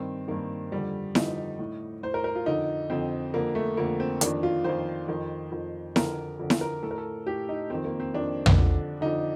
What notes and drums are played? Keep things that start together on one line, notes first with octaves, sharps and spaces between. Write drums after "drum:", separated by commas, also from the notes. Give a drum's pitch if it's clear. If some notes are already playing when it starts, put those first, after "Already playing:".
Already playing: G2 D#3 C4
G2 D#3 A#3
F2 D3 G3
F2 D3 D#4, drum: snare E4
A2
A2 C5
A#4
A#4
F4
F2 D3 D#4
F2 D3 C4
F2 D3 A#3
A3
F2 D3 A#3
C4
F2 D#3 D4, drum: hi-hat
F4
F2 D#3 C5
F2 D#3
F2 D#3
F2 D3 A#4, drum: snare E4
F2 D3
drum: snare E4
A#4
A2 A4
A#4
A4
A2 G4
D#4
F2 D#3 C4
A#3
C4
F2 D#3 D4
drum: tom
F2 D3
F2 D3 D#4